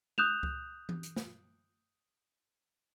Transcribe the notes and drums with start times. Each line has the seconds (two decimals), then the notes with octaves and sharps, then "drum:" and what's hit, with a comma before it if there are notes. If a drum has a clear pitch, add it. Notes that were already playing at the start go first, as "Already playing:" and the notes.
0.18 D#6 F#6 G6 E7 F7, drum: tom G#3
0.43 drum: kick C#2
0.89 drum: tom E3
1.03 drum: hi-hat
1.16 drum: snare